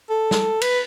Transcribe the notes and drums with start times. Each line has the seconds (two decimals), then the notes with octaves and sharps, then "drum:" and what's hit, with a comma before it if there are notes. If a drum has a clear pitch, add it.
0.10 A4
0.31 drum: snare
0.62 B4, drum: cymbal